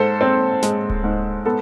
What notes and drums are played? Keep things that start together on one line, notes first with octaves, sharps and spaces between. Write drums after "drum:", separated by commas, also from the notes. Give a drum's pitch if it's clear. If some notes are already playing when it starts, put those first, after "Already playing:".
Already playing: G#2 A4 C5
C4
G#3, drum: snare
drum: kick D1
G#2
B3 A4